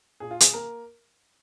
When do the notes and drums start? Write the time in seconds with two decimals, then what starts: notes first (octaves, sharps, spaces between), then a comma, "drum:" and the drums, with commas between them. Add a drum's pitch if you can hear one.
0.20 A#2 G#4
0.31 F4
0.40 G#4, drum: hi-hat
0.54 A#3 A#4